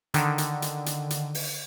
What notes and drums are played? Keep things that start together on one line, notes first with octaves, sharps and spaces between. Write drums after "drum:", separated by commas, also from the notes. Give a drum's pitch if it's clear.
D3 D#3, drum: hi-hat
drum: hi-hat
drum: hi-hat
drum: hi-hat
drum: hi-hat
drum: open hi-hat